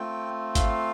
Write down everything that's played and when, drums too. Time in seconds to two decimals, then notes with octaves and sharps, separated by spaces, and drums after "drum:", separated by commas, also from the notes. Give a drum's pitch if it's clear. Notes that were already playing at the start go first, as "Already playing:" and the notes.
Already playing: A3 C4 F4 G5
0.55 F5, drum: kick G#1, hi-hat